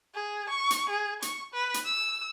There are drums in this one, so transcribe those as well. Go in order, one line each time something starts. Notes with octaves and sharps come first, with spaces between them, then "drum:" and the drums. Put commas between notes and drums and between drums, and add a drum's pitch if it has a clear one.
G#4
C#6
drum: hi-hat
G#4
C#6, drum: hi-hat
B4
drum: hi-hat
E6